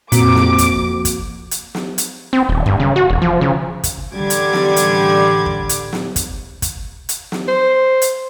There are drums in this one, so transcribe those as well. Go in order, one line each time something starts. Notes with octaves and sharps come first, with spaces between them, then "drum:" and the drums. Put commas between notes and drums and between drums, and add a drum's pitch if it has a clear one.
F2 A#2 A#3 C4 F#4 D6, drum: hi-hat
drum: snare
drum: kick, hi-hat
drum: kick, hi-hat
drum: hi-hat
drum: snare
drum: hi-hat
C4
D#1
G2, drum: kick
C#3
F#4
E1
F3
C#3
drum: kick, hi-hat
A1 D3 G3 D6 G#6
drum: hi-hat
drum: snare
drum: hi-hat
drum: kick
drum: hi-hat
drum: snare
drum: kick, hi-hat
drum: kick, hi-hat
drum: hi-hat
drum: snare
C5
drum: hi-hat